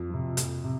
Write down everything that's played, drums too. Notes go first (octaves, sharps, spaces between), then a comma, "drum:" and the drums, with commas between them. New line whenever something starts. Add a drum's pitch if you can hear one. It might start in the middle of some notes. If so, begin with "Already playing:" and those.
Already playing: F2
C3 F3
F2, drum: hi-hat
C3